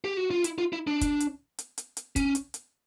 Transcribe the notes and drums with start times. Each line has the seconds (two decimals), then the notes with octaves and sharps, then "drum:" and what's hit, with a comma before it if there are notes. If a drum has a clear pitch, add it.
0.04 G4
0.17 F#4
0.31 F4
0.44 E4, drum: hi-hat
0.58 F4
0.73 E4
0.87 D4
1.01 drum: kick, hi-hat
1.20 drum: hi-hat
1.59 drum: hi-hat
1.78 drum: hi-hat
1.97 drum: hi-hat
2.16 C#4, drum: kick, hi-hat
2.35 drum: hi-hat
2.54 drum: hi-hat